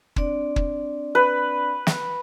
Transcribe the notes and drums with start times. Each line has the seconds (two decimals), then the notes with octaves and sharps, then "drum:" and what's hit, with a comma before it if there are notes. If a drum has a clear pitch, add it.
0.16 C4 D4 D5, drum: kick
0.56 drum: kick
1.15 B4
1.87 drum: snare